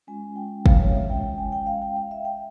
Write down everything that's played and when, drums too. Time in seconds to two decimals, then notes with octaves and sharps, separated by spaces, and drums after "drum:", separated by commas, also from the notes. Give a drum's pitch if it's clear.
0.07 G#3 C#4 F4 G#5
0.36 G5
0.66 F5, drum: kick
0.80 C#5
0.95 E5
1.10 G5
1.23 G5
1.38 G#5
1.52 G5
1.66 F5
1.82 G5
1.97 F5
2.11 E5
2.25 G5